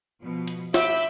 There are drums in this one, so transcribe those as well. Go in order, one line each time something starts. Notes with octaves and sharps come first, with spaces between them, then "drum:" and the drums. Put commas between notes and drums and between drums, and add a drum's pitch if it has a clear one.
B2 F3
drum: hi-hat
E5 B5 D6 G6, drum: snare